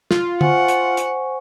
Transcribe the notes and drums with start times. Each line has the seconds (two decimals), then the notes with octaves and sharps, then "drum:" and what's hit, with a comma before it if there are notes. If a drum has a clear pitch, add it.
0.11 F4, drum: snare
0.41 C5 F#5 G#5 C#6, drum: tom D3
0.68 drum: hi-hat
0.97 drum: hi-hat